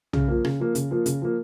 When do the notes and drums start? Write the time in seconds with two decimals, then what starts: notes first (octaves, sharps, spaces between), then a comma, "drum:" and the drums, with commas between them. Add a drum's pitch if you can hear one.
0.13 C#3, drum: tom
0.28 F3 A#3
0.45 C#3, drum: rim click
0.60 F3 A#3
0.75 C#3, drum: hi-hat
0.91 F3 A#3
1.06 C#3, drum: hi-hat
1.22 F3 A#3